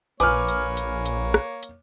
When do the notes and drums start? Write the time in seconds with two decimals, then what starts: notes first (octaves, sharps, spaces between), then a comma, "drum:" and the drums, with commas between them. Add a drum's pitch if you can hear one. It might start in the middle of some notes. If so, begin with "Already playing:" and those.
0.20 A#1 A#3 B4 C#5 G#5 D6 F6, drum: hi-hat
0.49 drum: hi-hat
0.77 drum: hi-hat
1.06 drum: hi-hat
1.34 drum: rim click
1.63 drum: hi-hat